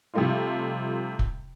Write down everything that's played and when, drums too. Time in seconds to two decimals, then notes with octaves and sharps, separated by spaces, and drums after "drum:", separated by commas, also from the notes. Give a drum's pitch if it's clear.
0.14 C3 F3 G3 A3 D#4 F4
1.19 drum: kick